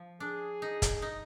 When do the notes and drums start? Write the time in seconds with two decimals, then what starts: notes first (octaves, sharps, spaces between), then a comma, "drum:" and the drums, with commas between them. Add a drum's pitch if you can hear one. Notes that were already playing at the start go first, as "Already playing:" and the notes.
Already playing: F3
0.20 D4 G#4
0.62 D#4
0.82 drum: kick, hi-hat
1.02 D#4